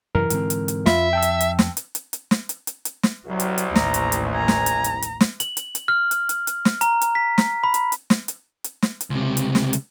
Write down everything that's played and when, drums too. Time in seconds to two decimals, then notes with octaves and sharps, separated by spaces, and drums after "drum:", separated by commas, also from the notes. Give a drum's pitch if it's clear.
0.15 F#2 C3 E3 A#4 F6
0.30 G#2 D3 C4, drum: hi-hat
0.50 drum: hi-hat
0.68 drum: hi-hat
0.86 F2 F4 E5 B5, drum: snare
1.13 G5 A5 E6
1.22 drum: hi-hat
1.41 drum: hi-hat
1.59 drum: snare
1.77 drum: hi-hat
1.95 drum: hi-hat
2.13 drum: hi-hat
2.31 drum: snare
2.49 drum: hi-hat
2.67 drum: hi-hat
2.85 drum: hi-hat
3.03 drum: snare
3.27 C2 F#3
3.40 drum: hi-hat
3.58 drum: hi-hat
3.75 A1 D#2 A#5, drum: snare
3.94 drum: hi-hat
4.12 drum: hi-hat
4.34 G#5 A#5
4.48 drum: snare
4.66 drum: hi-hat
4.84 drum: hi-hat
5.02 drum: hi-hat
5.21 drum: snare
5.40 F#7, drum: hi-hat
5.57 drum: hi-hat
5.75 drum: hi-hat
5.88 F6
6.11 drum: hi-hat
6.29 drum: hi-hat
6.47 drum: hi-hat
6.65 drum: snare
6.81 A#5, drum: hi-hat
7.01 drum: hi-hat
7.15 B6
7.38 drum: snare
7.64 B5
7.74 drum: hi-hat
7.92 drum: hi-hat
8.10 drum: snare
8.28 drum: hi-hat
8.64 drum: hi-hat
8.82 drum: snare
9.01 drum: hi-hat
9.10 C#2 C3
9.37 drum: hi-hat
9.55 drum: snare
9.73 drum: hi-hat